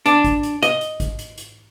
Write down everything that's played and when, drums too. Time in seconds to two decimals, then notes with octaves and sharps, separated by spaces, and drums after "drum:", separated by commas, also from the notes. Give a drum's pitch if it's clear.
0.06 D4, drum: hi-hat
0.24 drum: kick, hi-hat
0.43 drum: hi-hat
0.63 D#5, drum: hi-hat
0.81 drum: hi-hat
1.00 drum: kick, hi-hat
1.19 drum: hi-hat
1.38 drum: hi-hat